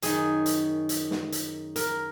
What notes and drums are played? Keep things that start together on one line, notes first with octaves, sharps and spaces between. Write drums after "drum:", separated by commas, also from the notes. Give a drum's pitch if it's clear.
F#2 D#3 G#4, drum: hi-hat
drum: hi-hat
drum: hi-hat
drum: snare
drum: hi-hat
A#4, drum: hi-hat